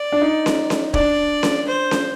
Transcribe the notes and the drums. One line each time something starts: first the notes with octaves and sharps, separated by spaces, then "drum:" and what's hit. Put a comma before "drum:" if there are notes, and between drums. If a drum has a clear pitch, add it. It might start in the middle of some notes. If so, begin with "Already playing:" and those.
Already playing: D5
D4
D#4
drum: snare C#4
drum: snare C#4
D4 D5, drum: kick
drum: snare C#4
C5
drum: snare C#4